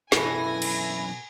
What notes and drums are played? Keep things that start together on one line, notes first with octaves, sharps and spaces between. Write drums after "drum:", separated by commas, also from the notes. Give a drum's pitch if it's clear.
F#2 B2 E3 E4 A4 B4 G#5 A#6, drum: snare
drum: cymbal